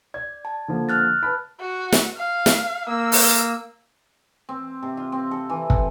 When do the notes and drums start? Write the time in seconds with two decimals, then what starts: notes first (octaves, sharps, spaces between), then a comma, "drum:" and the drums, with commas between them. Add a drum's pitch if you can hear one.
0.14 D5 G#6
0.45 A5
0.68 D3 F3 A#3
0.89 F6 F#6 A6
1.23 B4 A5 B5
1.60 F#4
1.92 drum: snare
2.17 F5
2.46 drum: snare
2.89 A#3 E6
3.12 drum: open hi-hat
4.49 C4
4.83 C3
4.97 F4
5.12 C4
5.31 A4
5.50 E3
5.70 A4, drum: kick